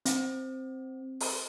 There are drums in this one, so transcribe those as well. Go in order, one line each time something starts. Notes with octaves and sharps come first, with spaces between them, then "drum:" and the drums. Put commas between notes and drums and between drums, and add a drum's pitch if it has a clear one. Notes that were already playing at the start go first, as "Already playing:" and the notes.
C4, drum: hi-hat
drum: open hi-hat